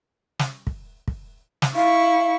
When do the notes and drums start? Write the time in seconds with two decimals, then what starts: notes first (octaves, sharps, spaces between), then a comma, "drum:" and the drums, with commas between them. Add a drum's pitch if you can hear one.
0.39 drum: snare
0.67 drum: kick
1.08 drum: kick
1.62 drum: snare
1.76 E4 F5 C#6